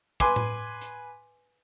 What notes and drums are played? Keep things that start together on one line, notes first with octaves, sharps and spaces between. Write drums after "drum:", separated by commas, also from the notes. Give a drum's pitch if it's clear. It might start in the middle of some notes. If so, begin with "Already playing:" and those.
B4 G#5 C6 D6, drum: kick
drum: tom A2
drum: hi-hat